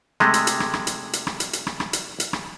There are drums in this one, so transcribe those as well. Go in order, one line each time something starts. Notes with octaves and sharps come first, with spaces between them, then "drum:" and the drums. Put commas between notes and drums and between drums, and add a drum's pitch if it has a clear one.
C3 G#3 A3, drum: rim click
drum: hi-hat
drum: hi-hat
drum: rim click
drum: rim click
drum: hi-hat
drum: hi-hat
drum: rim click
drum: hi-hat
drum: hi-hat
drum: rim click
drum: rim click
drum: hi-hat
drum: hi-hat
drum: rim click